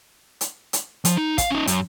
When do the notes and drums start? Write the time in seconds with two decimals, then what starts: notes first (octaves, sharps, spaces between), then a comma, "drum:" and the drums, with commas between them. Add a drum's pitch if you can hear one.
0.41 drum: hi-hat
0.73 drum: hi-hat
1.05 F3, drum: hi-hat
1.17 D#4
1.38 F5, drum: kick, hi-hat
1.50 C#4 D#4
1.67 F#2, drum: hi-hat